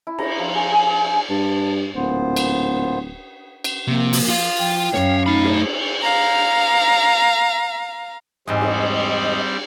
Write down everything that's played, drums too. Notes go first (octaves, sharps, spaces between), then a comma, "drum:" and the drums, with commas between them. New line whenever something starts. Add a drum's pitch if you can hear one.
E4
A#5, drum: cymbal
F3
G#4
G#4
G#4
E5
G2 A5
D1 A#2 B3 C5
drum: cymbal
drum: cymbal
C3 F3 A#3
drum: open hi-hat
F4 F5
F3 G5
F#2 C#4 C#5 F5, drum: snare
A3 D#4 B5
drum: cymbal
F5 A#5
E2 G#2 G3 C4 D#5
drum: cymbal